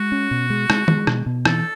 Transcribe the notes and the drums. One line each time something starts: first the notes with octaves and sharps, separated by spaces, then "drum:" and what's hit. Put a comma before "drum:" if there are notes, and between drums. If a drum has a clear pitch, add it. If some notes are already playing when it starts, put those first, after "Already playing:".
Already playing: G#3 F#4
C#4
B2
G#3
G#3, drum: rim click
G#3, drum: tom
B2, drum: rim click
B2
E3 A4, drum: rim click